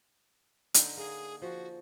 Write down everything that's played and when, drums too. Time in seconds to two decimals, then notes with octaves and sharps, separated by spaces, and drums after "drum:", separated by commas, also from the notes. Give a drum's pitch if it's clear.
0.74 D3 D#4, drum: hi-hat
0.97 A#3 G#4
1.42 F3 F#4